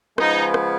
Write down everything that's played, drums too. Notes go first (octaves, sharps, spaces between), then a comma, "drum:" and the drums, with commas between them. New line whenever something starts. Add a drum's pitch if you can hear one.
C#3 F3 G#3 B3 D#4, drum: rim click
drum: rim click